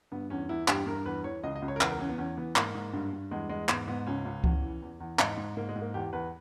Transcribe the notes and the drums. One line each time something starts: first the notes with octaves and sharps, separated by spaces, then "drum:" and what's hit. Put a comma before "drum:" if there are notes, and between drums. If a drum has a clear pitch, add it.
G2 B3
E2 C#4
E2 E4
G2 G4, drum: clap
G2 A#4
E2 B4
E3 C#5
C#2 D#5
D#5
C#2
C#5
A#4
E2 B4, drum: clap
A#4
E3 C#4
B3
E2 C#4
E3 B3
G#2 A#3, drum: clap
G#2
G2
G2
E2 G#3
E2 G#3
G#2 B3, drum: clap
G#2 B3
C#2 C#4
C#2
E2, drum: kick C#2
E3
E2
E2
G#2 D#4, drum: clap
G#2
G#2 A#3
G#3
G#2
A#3
E2 G4
E2 B4